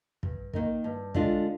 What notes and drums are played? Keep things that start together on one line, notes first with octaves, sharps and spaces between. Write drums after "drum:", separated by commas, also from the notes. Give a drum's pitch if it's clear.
G2, drum: kick
D#3 A#3 D#4 A#4, drum: kick
G2
D3 G#3 D4 F4, drum: kick